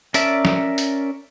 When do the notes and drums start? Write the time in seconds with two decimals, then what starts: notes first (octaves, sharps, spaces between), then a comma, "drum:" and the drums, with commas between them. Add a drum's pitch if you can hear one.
0.14 C#4 A#4 D5 E5 A5, drum: hi-hat
0.45 drum: snare
0.78 drum: hi-hat